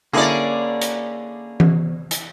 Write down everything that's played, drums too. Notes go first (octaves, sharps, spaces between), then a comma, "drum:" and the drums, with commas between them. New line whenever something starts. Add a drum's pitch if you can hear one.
D3 A#3 C#4 E4 G#4 D5
drum: hi-hat
drum: tom E3
drum: hi-hat